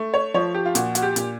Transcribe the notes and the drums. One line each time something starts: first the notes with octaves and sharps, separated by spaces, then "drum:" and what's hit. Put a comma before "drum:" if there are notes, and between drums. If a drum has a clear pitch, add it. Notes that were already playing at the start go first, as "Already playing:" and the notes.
Already playing: A3
C#5
F3 C#5
G4
F4
A#2 F#4, drum: hi-hat
F#4, drum: hi-hat
G4
A#2, drum: hi-hat